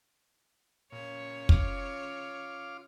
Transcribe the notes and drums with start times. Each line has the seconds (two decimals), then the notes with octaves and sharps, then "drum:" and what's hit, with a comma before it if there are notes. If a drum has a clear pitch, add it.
0.92 A#2 C#3 C#5
1.49 F4 D6 F6, drum: kick